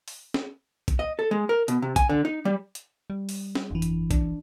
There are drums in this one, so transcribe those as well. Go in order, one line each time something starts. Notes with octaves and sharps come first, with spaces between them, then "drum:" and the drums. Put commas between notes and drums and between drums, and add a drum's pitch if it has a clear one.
drum: open hi-hat
drum: snare
drum: kick, hi-hat
D#5
A4
G#3
A#4
B2, drum: hi-hat
C3
G#5, drum: kick, hi-hat
D3
D#4
G3
drum: hi-hat
G3
drum: open hi-hat
drum: snare
G1 F2 E3
drum: hi-hat
D4, drum: kick, hi-hat